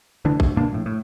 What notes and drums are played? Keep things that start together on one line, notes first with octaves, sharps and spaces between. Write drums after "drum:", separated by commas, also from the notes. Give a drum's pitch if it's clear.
D2 D3 E3 D4
D2, drum: kick
G2 B2 A#3 D4
A#1 A2
A2